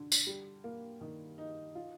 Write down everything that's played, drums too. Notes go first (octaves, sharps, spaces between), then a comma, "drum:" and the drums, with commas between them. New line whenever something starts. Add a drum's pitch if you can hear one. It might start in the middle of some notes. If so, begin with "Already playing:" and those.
Already playing: D3
drum: tambourine
G3
A#3
D#3
D#4
F4